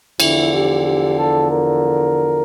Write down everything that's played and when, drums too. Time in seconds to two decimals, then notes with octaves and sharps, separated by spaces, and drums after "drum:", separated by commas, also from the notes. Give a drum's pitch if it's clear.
0.20 E2 D3 F3 E4, drum: cymbal
0.52 G4
0.84 G4
1.17 A4
1.50 A#4